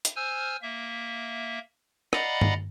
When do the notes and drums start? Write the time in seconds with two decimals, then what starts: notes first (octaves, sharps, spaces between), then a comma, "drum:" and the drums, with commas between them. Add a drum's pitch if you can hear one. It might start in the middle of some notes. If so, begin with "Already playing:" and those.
0.05 drum: hi-hat
0.16 C5 G#5 E6 F6
0.62 A#3 E5
2.13 D5 D#5 F5 F#5 A#5 B5, drum: rim click
2.41 drum: tom G2